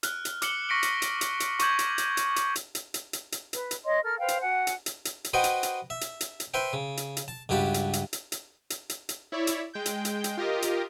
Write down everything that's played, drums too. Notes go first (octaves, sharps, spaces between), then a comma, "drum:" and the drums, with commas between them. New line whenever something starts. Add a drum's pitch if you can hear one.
F6 F#6, drum: hi-hat
drum: hi-hat
D6 F6 C#7 F#7 G7, drum: hi-hat
C#6 A#6 B6 C#7 D7 G7
drum: hi-hat
drum: hi-hat
drum: hi-hat
drum: hi-hat
C#6 D6 G6 G#6 F#7, drum: hi-hat
drum: hi-hat
drum: hi-hat
drum: hi-hat
drum: hi-hat
drum: hi-hat
drum: hi-hat
drum: hi-hat
drum: hi-hat
drum: hi-hat
B4, drum: hi-hat
drum: hi-hat
C#5 D#5 C6
A4 A#4 F6
B4 C5 F5 G5
drum: hi-hat
F#4 F#5 G#5
drum: hi-hat
drum: hi-hat
drum: hi-hat
drum: hi-hat
F#4 B4 C5 D#5 F#5 G5
drum: hi-hat
drum: hi-hat
E5
drum: hi-hat
drum: hi-hat
drum: hi-hat
B4 C5 E5 G5
C#3
drum: hi-hat
drum: hi-hat
A5
C#2 G2 F#4 G4 A5 B5
drum: hi-hat
drum: hi-hat
drum: hi-hat
drum: hi-hat
drum: hi-hat
drum: hi-hat
drum: hi-hat
E4 C#5 D5 E5
drum: hi-hat
G#3 G5 G6
drum: hi-hat
drum: hi-hat
drum: hi-hat
F4 G4 A#4 D#5
drum: hi-hat